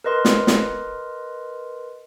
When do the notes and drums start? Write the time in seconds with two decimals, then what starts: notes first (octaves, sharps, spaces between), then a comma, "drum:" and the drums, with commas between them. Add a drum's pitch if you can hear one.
0.04 A#4 B4 D#5 C6
0.25 drum: snare
0.47 drum: snare